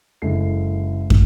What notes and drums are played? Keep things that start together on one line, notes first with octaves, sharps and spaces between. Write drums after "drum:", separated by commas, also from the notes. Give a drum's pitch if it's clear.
F#1 D3 G#3 E4 A4 C7
drum: kick